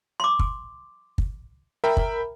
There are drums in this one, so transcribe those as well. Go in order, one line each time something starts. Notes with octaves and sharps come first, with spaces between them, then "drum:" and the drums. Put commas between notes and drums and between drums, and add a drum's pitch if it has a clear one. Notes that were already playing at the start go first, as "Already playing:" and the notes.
C6 D6
drum: kick
drum: kick
A#4 E5 G5 B5
drum: kick